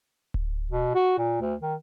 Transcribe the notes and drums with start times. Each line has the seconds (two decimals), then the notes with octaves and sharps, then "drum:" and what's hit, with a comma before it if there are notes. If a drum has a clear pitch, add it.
0.34 drum: kick D1
0.71 B2
0.95 F#4
1.18 A#2
1.41 D2
1.62 D#3